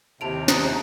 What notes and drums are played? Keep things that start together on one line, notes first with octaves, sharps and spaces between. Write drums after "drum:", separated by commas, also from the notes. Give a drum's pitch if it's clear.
D#2 C3 E4 A5 D7 F7
A#5 D#6 F#6, drum: snare
D#4 G#4